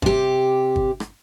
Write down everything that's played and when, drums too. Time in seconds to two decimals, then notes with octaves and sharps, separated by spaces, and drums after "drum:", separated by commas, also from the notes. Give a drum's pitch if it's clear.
0.02 C3 G4, drum: kick
0.76 drum: kick
1.00 drum: rim click